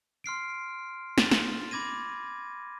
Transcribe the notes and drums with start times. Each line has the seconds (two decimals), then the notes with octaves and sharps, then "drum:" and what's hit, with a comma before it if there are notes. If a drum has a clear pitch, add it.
0.24 C6 F6 C7 D7
1.18 A6, drum: snare
1.31 drum: snare
1.71 B5 D6 G#6 A#6 D#7